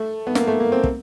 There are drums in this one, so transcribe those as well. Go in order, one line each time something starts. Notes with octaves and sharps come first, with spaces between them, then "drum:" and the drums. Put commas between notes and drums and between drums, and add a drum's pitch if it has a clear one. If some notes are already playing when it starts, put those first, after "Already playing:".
Already playing: A3
B3
A#3, drum: snare
A3
A#3
C4
drum: kick